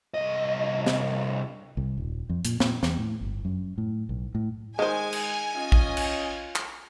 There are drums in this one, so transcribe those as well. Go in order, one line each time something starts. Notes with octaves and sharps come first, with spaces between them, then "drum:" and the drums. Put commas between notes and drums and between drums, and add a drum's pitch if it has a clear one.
C2 D#5
drum: snare
C2
D#1
F2
A#2, drum: hi-hat
A#2, drum: snare
E2, drum: snare
A2
G1
F#2
A2
B1
A2
D#3 G#3 C5 G#5
drum: cymbal
C#4 F4 D#5
drum: kick A#1
drum: cymbal
drum: clap